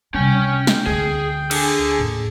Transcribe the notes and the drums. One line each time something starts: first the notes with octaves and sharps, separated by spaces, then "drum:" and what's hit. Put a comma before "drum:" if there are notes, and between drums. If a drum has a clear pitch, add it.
C3 G3 C#4 G5 G#5
drum: snare
D2 G#4
D3 G#4, drum: cymbal
D#2 A2